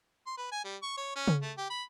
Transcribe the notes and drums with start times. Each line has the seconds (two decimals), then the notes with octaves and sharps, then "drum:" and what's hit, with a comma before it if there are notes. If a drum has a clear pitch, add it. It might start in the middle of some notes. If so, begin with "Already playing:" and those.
0.27 C6
0.38 B4
0.52 G#5
0.65 G3
0.82 C#6
0.97 C#5
1.16 C#4
1.28 drum: tom C#3
1.42 A3
1.58 G4
1.70 B5